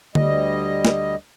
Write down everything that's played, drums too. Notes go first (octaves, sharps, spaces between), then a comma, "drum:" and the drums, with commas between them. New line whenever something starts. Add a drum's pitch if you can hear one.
D2 G3 D#5, drum: tom D3
drum: snare